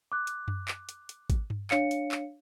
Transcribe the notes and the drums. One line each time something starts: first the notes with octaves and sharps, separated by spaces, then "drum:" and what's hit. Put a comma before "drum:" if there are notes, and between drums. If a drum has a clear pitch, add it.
D6 F#6
drum: hi-hat
drum: tom F#2
drum: clap
drum: hi-hat
drum: hi-hat
drum: kick, hi-hat
drum: tom G2
D4 C#5 F5 C#7, drum: clap
drum: hi-hat
drum: clap